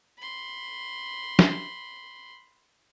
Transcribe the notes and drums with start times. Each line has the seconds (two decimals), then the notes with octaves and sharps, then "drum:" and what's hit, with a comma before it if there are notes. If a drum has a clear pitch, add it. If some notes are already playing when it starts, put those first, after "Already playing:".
0.18 B5 C6
1.39 drum: snare